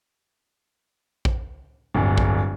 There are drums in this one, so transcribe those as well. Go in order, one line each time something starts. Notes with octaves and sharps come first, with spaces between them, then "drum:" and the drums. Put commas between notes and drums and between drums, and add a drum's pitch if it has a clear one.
drum: kick A#1
D1 G1
drum: kick A#1